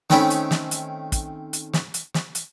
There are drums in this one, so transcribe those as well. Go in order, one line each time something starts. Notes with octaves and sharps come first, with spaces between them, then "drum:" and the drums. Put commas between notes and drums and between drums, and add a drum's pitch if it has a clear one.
D#3 A3 C4 C#4 B5, drum: snare
drum: hi-hat
drum: snare
drum: hi-hat
drum: kick, hi-hat
drum: hi-hat
drum: snare
drum: hi-hat
drum: snare
drum: hi-hat